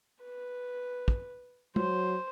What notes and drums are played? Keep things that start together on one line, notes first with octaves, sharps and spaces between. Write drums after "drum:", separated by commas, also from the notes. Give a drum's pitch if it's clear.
B4
drum: kick
F#3 C5, drum: tom